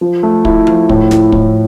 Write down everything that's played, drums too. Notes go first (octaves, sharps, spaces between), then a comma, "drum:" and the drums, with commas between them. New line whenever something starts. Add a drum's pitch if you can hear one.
F3
A3
E4, drum: kick
F3, drum: tom F3
A2, drum: kick
E4, drum: snare
A2, drum: kick